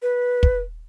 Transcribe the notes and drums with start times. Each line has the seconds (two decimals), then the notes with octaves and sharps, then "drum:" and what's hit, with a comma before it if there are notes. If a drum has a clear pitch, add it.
0.02 B4
0.43 drum: kick